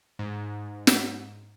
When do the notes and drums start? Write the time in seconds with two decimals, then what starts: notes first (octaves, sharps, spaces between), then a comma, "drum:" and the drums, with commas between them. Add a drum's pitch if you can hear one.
0.19 G#2
0.87 drum: snare